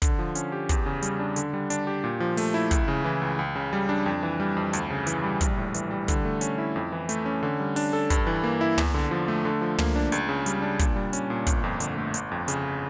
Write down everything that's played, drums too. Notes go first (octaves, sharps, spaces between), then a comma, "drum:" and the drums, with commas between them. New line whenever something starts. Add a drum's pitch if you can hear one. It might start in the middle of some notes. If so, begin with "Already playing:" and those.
D3, drum: kick, hi-hat
F3
C#4, drum: hi-hat
G4
E2, drum: kick, hi-hat
C#3
G3, drum: hi-hat
D4
D3, drum: hi-hat
G3
D4, drum: hi-hat
G4
A#2
F3
A3, drum: open hi-hat
E4
C#2, drum: kick, hi-hat
C#3
E3
C#2
C#2
C#3
G3
D4
F2
E3
G3
F2
D2, drum: hi-hat
C#3
E3, drum: hi-hat
G3
A#1, drum: kick, hi-hat
A2
E3, drum: hi-hat
G3
D3, drum: kick, hi-hat
A3
C#4, drum: hi-hat
E4
F2
E3
A3, drum: hi-hat
C#4
D3
G3
D4, drum: open hi-hat
A4
G2, drum: kick, hi-hat
E3
A#3
E4
E2, drum: tom
D3
F3
A3
D3
F3
A#3, drum: tom
D4
C#2, drum: hi-hat
C#3
G3, drum: hi-hat
D4
A#2, drum: kick, hi-hat
G3
C#4, drum: hi-hat
A#2
G1, drum: kick, hi-hat
F2
D3, drum: hi-hat
A3
G1, drum: hi-hat
F2
C#3, drum: hi-hat